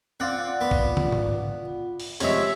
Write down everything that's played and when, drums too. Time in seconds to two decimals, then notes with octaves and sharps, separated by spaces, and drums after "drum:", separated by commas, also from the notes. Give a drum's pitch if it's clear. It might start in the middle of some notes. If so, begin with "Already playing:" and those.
0.20 C4 F4 D5 F#5
0.61 B3
0.71 drum: kick A#1
0.97 drum: tom
1.12 drum: tom G#2
2.00 drum: open hi-hat
2.20 C3 F3 G#3 C#5 E5, drum: hi-hat